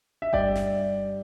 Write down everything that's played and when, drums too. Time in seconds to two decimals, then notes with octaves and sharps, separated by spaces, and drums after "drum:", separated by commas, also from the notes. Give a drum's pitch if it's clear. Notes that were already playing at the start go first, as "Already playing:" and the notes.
0.22 E5
0.33 G2 D5 G5, drum: kick G1
0.55 drum: snare